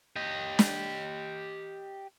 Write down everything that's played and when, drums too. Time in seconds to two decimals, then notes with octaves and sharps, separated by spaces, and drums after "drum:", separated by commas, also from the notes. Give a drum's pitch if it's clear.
0.16 G4 D#5
0.59 drum: snare